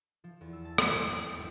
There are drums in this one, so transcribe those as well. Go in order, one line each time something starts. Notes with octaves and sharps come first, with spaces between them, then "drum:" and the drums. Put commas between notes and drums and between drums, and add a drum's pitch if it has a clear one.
F3
E2
E6
A5
C4, drum: rim click
G#6
C4
G6
G1